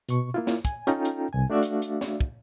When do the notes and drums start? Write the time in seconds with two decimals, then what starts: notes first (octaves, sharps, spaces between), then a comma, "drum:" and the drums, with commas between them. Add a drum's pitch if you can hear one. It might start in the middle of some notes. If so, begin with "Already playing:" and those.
0.09 B2 C#6, drum: hi-hat
0.34 A#3 E4 F4
0.47 drum: snare
0.65 G#5, drum: kick, hi-hat
0.87 C#4 D#4 F4 A4 G5 A#5, drum: hi-hat
1.05 drum: hi-hat
1.33 C2 G#5
1.50 A3 D4 F#4 D5 E5 F5
1.63 drum: hi-hat
1.82 drum: hi-hat
2.01 drum: snare
2.20 drum: kick